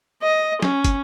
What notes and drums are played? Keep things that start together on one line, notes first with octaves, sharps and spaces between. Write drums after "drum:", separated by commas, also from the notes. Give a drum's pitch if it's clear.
D#5
C#4, drum: snare
drum: kick, hi-hat